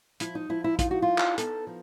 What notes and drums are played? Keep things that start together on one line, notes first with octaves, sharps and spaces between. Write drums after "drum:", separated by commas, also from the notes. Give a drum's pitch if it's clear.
F3 E4, drum: hi-hat
D#4
F3 E4
E4
D#4 F4, drum: kick, hi-hat
F#4
F4
D#4
drum: clap
B3 A4, drum: hi-hat
F3